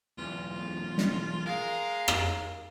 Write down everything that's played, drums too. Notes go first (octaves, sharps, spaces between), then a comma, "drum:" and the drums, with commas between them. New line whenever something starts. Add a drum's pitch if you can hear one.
B1 E2 F4
drum: snare
G#3 A#4 F5
drum: rim click